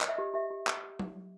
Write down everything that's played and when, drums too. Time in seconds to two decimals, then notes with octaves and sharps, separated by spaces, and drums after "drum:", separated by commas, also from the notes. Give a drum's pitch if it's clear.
0.01 C#5 D#5, drum: clap
0.08 E5
0.16 G4 D#5
0.34 G4 E5
0.51 G4
0.67 drum: clap
0.99 drum: tom F#3